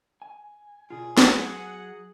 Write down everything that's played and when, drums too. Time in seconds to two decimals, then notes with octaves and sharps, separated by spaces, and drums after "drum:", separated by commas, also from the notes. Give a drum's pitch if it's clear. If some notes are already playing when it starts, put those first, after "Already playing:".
0.22 G#5
0.90 B2 F4 G#4
1.17 drum: snare
1.29 F#3 G#4 F#5